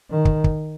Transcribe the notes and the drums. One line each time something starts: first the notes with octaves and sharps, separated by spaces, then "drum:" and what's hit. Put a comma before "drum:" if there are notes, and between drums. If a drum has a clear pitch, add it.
D#3
drum: kick
drum: kick